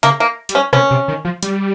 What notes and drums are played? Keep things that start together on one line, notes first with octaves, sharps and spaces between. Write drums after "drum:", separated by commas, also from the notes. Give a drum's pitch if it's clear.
C#3 A#3, drum: hi-hat
A#3
G3, drum: hi-hat
C#4
C3 C#4, drum: rim click
C3
D#3
F3
G3, drum: hi-hat